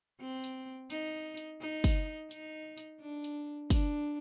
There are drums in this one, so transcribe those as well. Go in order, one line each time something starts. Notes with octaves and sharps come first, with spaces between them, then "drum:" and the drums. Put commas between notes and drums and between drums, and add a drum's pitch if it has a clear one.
C4
drum: hi-hat
D#4, drum: hi-hat
drum: hi-hat
D#4
drum: kick, open hi-hat
D#4, drum: hi-hat
drum: hi-hat
D4
drum: hi-hat
D4, drum: kick, open hi-hat